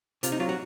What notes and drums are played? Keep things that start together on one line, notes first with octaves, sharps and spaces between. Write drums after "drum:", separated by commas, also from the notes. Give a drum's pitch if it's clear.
C3 F4, drum: hi-hat
D#4
F#3 F4
F#4